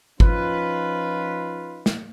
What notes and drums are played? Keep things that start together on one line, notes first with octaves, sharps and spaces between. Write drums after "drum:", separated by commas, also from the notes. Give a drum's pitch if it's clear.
F3 C#4 D#4 F4 B4, drum: kick
drum: snare